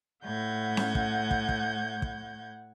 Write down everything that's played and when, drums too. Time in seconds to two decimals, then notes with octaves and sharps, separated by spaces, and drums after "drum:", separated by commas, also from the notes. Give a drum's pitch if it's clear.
0.24 A2 F#5 G6 G#6
0.77 drum: snare C#4
0.95 drum: kick
1.31 drum: kick
1.49 drum: kick
2.02 drum: kick